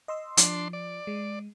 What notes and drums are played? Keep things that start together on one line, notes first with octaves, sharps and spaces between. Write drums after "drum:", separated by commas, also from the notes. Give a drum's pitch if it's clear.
D#5 C6 E6
F3 D4 C6, drum: hi-hat
D5
G#3